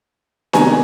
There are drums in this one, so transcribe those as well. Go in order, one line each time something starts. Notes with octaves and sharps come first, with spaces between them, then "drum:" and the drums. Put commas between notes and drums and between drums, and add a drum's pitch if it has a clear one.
C3 D#3 G3 B3 D4 G#5 A#5, drum: snare D4